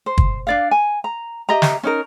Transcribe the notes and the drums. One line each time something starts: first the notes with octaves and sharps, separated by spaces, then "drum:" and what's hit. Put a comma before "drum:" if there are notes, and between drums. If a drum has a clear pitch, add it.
C5
drum: kick
D4 D5 F5
G#5
A#5
G4 D#5 E5 A#5
drum: snare
C#4 D#4 A#4